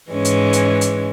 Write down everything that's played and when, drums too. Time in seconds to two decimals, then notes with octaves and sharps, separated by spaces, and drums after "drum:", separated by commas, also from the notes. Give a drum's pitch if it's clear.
0.10 G#2 E3 G#3 C#4
0.25 drum: hi-hat
0.53 drum: hi-hat
0.81 drum: hi-hat